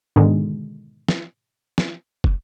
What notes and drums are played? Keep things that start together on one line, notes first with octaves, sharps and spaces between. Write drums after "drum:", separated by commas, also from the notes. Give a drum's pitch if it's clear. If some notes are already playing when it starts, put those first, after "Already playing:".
G#2 B2 D3 D#3 G#3
drum: snare
drum: snare
drum: kick